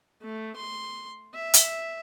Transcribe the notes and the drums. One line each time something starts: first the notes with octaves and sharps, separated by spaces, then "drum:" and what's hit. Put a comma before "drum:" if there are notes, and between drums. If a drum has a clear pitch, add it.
A3
C6
E5
drum: hi-hat